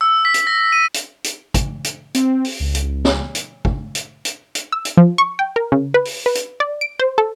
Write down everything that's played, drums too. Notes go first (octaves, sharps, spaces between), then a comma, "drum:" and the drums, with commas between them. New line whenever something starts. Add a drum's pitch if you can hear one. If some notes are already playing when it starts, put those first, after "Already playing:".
E6
B6
drum: hi-hat
A#6
D#7
drum: hi-hat
drum: hi-hat
drum: kick, hi-hat
drum: hi-hat
C4, drum: hi-hat
drum: open hi-hat
C#2
drum: hi-hat
drum: snare
drum: hi-hat
drum: kick
drum: hi-hat
drum: hi-hat
drum: hi-hat
E6
drum: hi-hat
F3
C#6
G5
A#4
C#3
B4
drum: open hi-hat
B4
drum: hi-hat
D5
D7
C5
A4